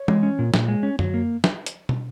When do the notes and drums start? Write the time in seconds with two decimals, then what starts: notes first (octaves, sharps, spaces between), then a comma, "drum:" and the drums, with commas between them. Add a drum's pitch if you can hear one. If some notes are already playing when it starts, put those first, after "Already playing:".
Already playing: C#5
0.08 G#3, drum: tom E3
0.23 C#4
0.39 A#2
0.54 A#2, drum: snare
0.68 G#3
0.83 C#4
0.99 F#3, drum: tom F#2
1.14 A#3
1.44 drum: snare
1.66 drum: hi-hat
1.89 drum: tom